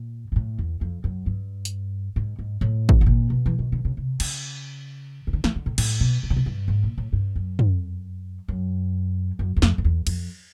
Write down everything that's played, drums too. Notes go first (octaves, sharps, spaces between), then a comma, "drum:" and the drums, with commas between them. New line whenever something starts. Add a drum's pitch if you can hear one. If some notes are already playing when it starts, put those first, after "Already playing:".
Already playing: A#2
G#2
A2
E2
F2
F#2
G2
drum: hi-hat
G#2
G#2
A2
drum: kick
A2
A#2
B2
E3
D#3
D3
C#3
C3
C#3, drum: cymbal
C#3
D3
E3, drum: snare
D3
A2
A2, drum: cymbal
B2
C3
C#3
C3
G2
G#2
A#2
A2
G2
F#2
drum: tom
F#2
F#2
E2
F2, drum: snare
F2
E2
F2, drum: cymbal